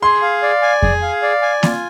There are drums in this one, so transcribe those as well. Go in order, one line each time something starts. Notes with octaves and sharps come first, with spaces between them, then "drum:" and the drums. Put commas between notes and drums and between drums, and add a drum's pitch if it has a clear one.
G#4 C6
F5
D5
G#5
G#4, drum: kick F2
F5
D5
G#5
F4, drum: snare A#3